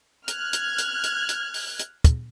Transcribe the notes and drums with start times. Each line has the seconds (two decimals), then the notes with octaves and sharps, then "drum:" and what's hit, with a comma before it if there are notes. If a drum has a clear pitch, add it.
0.28 F6 F#6 G#6, drum: hi-hat
0.53 drum: hi-hat
0.78 drum: hi-hat
1.03 drum: hi-hat
1.29 drum: hi-hat
1.54 drum: open hi-hat
1.79 drum: hi-hat
2.04 drum: kick, hi-hat